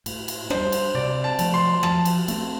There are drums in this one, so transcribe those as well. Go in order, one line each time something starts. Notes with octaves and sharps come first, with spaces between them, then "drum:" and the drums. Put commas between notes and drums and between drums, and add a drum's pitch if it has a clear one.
A2, drum: cymbal
drum: cymbal
G3 D4 C5, drum: rim click
drum: cymbal
C3 D5
A5
F3 A3, drum: cymbal
C6
F3 A5, drum: rim click
drum: cymbal
A3 C4, drum: cymbal